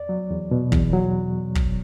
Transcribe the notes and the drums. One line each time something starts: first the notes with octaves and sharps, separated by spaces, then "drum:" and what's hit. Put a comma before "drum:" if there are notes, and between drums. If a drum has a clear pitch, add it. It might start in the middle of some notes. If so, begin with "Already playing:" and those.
Already playing: E2 D5
F#3
E2
B2
E2, drum: kick
F#3
drum: kick